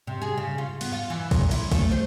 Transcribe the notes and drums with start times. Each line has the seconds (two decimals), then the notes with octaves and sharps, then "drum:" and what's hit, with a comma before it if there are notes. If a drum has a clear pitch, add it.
0.07 C3
0.22 G#4
0.38 C#3
0.58 F4
0.81 B3, drum: cymbal
0.92 F4
1.10 E3
1.31 A#2, drum: kick, cymbal
1.51 E4, drum: cymbal
1.72 A3, drum: kick, cymbal
1.91 C5